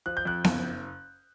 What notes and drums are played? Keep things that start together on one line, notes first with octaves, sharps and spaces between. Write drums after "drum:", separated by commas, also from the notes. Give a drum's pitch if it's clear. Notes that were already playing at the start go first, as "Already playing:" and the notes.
F3 F#6
G6
F2 F#6
F#1, drum: snare B3